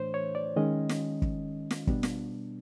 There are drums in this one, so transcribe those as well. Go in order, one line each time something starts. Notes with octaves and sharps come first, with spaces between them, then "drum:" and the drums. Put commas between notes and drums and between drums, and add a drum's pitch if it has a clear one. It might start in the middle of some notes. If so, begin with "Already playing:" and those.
Already playing: A2 E3 A3 D4 C5 C#5
C#5
D5
D#3 G#3 C#4 D#5
drum: snare
drum: kick
drum: snare
B2 G3 B3 D4, drum: kick
drum: snare